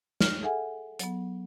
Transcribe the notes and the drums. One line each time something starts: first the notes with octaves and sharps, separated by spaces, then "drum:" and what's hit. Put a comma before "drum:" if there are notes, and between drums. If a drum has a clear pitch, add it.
F6, drum: snare
G#4 A4 E5 F#5 G#5
F#3 B3, drum: hi-hat